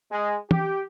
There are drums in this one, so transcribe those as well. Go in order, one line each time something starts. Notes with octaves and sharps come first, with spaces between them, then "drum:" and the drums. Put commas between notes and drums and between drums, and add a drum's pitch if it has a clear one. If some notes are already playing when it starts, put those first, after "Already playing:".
G#3
G4, drum: tom